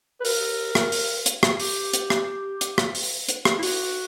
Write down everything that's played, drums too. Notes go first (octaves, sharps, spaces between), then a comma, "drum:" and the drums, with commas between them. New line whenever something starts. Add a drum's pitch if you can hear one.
B4
A#4, drum: open hi-hat
drum: rim click
drum: open hi-hat
drum: hi-hat
drum: rim click
G4, drum: open hi-hat
drum: hi-hat
drum: rim click
drum: hi-hat
drum: rim click
drum: open hi-hat
drum: hi-hat
drum: rim click
E4
F#4, drum: open hi-hat